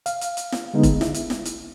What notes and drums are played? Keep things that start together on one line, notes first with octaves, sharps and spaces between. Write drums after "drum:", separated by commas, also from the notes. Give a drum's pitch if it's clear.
F5, drum: hi-hat
drum: hi-hat
drum: hi-hat
drum: snare
D3 G#3 B3 D#4
drum: kick E1, hi-hat
E4, drum: snare
drum: hi-hat
drum: snare
drum: hi-hat